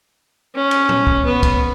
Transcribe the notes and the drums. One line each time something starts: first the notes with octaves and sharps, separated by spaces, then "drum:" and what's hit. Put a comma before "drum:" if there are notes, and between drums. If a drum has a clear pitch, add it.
C#4
drum: cymbal
drum: tom
drum: kick
B3
drum: kick, cymbal